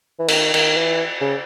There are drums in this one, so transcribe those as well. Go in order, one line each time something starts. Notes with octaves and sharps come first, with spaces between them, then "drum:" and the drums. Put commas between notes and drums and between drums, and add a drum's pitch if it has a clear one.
E3
D#3, drum: cymbal
D#3, drum: cymbal
E3
C#3